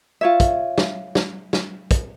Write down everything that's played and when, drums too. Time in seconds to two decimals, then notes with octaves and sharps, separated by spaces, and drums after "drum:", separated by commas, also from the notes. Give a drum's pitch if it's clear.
0.21 F4 C#5 E5
0.40 drum: kick, hi-hat
0.78 drum: snare
1.15 drum: snare
1.53 drum: snare
1.91 drum: kick, hi-hat